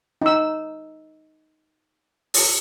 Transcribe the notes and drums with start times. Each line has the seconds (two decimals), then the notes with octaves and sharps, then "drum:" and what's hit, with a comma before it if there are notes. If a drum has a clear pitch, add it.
0.22 D#4 E6
2.34 drum: open hi-hat